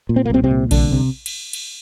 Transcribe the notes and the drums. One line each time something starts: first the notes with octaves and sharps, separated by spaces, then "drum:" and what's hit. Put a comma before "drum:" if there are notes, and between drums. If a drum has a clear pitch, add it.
A#2
C4
A#3
C2 C3 C4
C3 C4
A#2
C2 D3 D4, drum: kick A#1, cymbal
C3
drum: cymbal
drum: cymbal